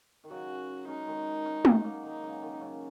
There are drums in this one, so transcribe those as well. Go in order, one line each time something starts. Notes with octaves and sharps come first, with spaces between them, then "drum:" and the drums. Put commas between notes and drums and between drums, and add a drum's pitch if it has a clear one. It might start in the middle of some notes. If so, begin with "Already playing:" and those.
D#3
C#3 F#3 F#4
G#3 C#4 D#4
D#3 G#3
G#3 C#4
G#3 C#4, drum: tom
F#3 A#3
D#3 G#3 D#4
C#3 F#3
D#3
C#3 F#3